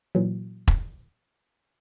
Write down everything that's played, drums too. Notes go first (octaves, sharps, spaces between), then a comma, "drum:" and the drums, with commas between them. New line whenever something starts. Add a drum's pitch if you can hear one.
A#2 E3 F#3
drum: kick E1